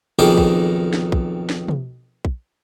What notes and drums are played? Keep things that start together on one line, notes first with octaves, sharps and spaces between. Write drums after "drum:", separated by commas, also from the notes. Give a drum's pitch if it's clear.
B1 F2 D#3 G#4 G5 D6
drum: kick
drum: snare
drum: kick
drum: snare
drum: tom
drum: kick